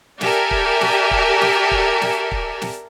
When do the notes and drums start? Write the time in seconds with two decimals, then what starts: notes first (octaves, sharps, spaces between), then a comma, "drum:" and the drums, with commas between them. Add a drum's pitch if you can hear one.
0.21 G4 A4 A#4 D5 E5 G#5, drum: snare
0.51 drum: kick
0.81 drum: snare
1.11 drum: kick
1.41 drum: snare
1.71 drum: kick
2.01 drum: snare
2.31 drum: kick
2.62 drum: snare